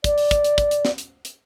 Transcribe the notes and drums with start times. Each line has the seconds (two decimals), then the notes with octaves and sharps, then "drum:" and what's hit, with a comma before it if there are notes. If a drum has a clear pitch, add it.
0.04 D5, drum: kick, hi-hat
0.18 drum: open hi-hat
0.31 drum: kick, hi-hat
0.44 drum: hi-hat
0.58 drum: kick, hi-hat
0.71 drum: hi-hat
0.85 drum: snare
0.98 drum: hi-hat
1.25 drum: hi-hat